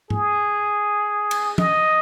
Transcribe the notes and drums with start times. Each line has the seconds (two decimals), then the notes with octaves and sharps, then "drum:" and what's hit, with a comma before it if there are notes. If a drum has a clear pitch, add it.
0.10 G#4, drum: tom G#2
1.31 drum: cymbal
1.58 D#5, drum: tom F3